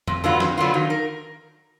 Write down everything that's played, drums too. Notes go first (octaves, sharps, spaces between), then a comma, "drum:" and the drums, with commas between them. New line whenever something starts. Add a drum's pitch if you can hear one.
F2, drum: tom F2
D3 F#3 B3 F4
F2, drum: snare
D3 F#3 B3 F4
D#3
A#4